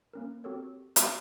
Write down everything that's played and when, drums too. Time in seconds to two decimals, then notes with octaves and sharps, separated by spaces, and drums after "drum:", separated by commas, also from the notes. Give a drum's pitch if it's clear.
0.13 A#3 C#4 A#4
0.44 C4 F#4 G4 A4 A#4 C#5
0.96 drum: hi-hat